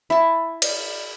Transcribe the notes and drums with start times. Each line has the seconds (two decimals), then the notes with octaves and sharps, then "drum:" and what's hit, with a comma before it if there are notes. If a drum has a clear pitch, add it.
0.10 E4 A5
0.62 drum: cymbal